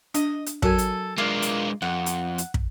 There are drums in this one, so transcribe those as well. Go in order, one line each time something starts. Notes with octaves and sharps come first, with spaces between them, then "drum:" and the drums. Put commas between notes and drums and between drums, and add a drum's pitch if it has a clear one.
D4 D#5, drum: hi-hat
drum: hi-hat
F#3 F#4 A4 A#4 G#5, drum: kick
drum: hi-hat
G#3 A#3 D4 F4
drum: hi-hat
F2 F#5
drum: hi-hat
drum: hi-hat
drum: kick